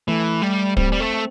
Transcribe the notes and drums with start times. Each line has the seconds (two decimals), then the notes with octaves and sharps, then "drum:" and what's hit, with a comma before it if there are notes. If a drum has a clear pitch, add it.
0.08 E3 A3
0.42 G3
0.77 G3 C4, drum: kick
0.92 G3
1.00 A3